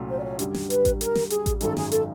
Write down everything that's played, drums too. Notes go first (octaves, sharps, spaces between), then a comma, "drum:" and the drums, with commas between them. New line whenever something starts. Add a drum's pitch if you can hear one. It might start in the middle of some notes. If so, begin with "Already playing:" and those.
Already playing: C2 A#2 F#3 A3 C#4
C5
D5
C#5
F#2 D3 G3, drum: hi-hat
drum: snare
B4, drum: hi-hat
drum: kick A1, hi-hat
A#4, drum: hi-hat
drum: snare
G#4, drum: hi-hat
drum: kick A1, hi-hat
G#1 F#2 D#3 G#3 A4, drum: hi-hat
G#4, drum: snare
A4, drum: hi-hat